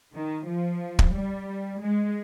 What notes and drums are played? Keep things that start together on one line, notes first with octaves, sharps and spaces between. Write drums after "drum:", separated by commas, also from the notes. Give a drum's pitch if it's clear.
D#3
F3
drum: kick
G3
G#3